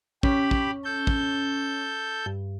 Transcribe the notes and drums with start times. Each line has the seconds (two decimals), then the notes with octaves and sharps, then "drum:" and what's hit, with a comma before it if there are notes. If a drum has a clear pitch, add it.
0.23 C#4 G4 B5, drum: kick
0.51 drum: kick
0.84 A4 G6
1.07 drum: kick
2.26 G2